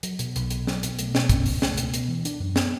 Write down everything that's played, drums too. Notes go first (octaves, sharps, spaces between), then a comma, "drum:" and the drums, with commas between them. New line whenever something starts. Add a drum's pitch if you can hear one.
F#3, drum: hi-hat
B2, drum: hi-hat
B1, drum: hi-hat
B1, drum: hi-hat
F#3, drum: snare
B2, drum: hi-hat
A3, drum: hi-hat
B2, drum: snare
C#4, drum: kick, hi-hat
C#2, drum: open hi-hat
A3, drum: snare
B2, drum: hi-hat
B3, drum: hi-hat
E3
D4, drum: hi-hat
F#2
B3, drum: snare